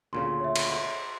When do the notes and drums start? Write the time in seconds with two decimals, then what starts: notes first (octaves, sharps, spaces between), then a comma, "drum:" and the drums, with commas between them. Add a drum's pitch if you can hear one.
0.13 D2 A#2 C#3 C6
0.40 C#5 E5
0.56 drum: cymbal